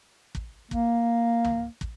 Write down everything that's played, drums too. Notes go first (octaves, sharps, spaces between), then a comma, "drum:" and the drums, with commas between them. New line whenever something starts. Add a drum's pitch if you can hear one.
drum: kick
A#3, drum: kick
drum: tom
drum: kick